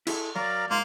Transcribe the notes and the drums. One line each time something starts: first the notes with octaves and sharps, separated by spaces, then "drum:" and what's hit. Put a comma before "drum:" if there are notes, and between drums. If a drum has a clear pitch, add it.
E4 G#4 A4, drum: cymbal
F#3 A#4 D5 F5 A#5
G#2 A#3 F4